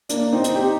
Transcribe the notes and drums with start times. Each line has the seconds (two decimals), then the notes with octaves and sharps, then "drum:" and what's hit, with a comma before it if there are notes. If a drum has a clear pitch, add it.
0.09 A#3 D4, drum: hi-hat
0.33 C4 D#4
0.44 drum: hi-hat
0.55 D#4 G4